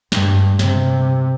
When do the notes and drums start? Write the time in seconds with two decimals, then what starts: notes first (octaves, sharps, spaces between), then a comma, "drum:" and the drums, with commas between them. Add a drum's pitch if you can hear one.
0.12 G2, drum: snare
0.59 C3, drum: snare